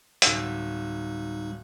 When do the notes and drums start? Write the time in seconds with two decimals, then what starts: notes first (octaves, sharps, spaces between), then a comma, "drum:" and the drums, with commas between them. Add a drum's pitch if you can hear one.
0.22 D1 G3 D#4 E6, drum: hi-hat